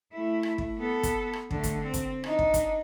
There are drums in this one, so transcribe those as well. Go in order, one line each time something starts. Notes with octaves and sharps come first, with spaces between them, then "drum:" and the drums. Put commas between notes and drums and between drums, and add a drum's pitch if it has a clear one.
A3 E4
drum: rim click
drum: kick
B3 A4
drum: kick, hi-hat
drum: rim click
D3 A3, drum: kick
drum: kick, hi-hat
C4
drum: kick, hi-hat
D4 D#4, drum: rim click
drum: kick
drum: kick, hi-hat